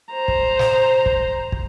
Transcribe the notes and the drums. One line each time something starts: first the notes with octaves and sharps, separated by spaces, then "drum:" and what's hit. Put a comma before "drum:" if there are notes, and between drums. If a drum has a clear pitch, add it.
C5 A#5
drum: kick
drum: snare
drum: kick
drum: kick